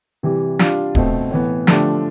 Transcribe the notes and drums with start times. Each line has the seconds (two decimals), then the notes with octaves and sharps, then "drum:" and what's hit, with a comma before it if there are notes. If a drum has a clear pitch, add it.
0.23 C3 E3 G3
0.59 G3 D4 F4, drum: snare
0.95 B2 A3 C4, drum: kick D1
1.31 A2 E3 B3
1.67 D3 F3 A3 D4 G4, drum: snare